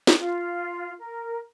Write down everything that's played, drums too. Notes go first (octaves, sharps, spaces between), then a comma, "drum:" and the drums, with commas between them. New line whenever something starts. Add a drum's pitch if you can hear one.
drum: snare
F4
A#4